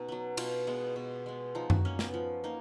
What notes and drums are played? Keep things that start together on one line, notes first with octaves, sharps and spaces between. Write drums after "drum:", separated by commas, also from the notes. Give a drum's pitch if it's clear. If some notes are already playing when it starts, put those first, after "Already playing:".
Already playing: B2 C#4 D#4 F#4
F#3 B3
B2 F4, drum: cymbal
G#3 B3
B2
G#3 B3
F3 D#4
F#4, drum: tom F#2
A#3 C#4
B3, drum: snare
F3
A#3 D#4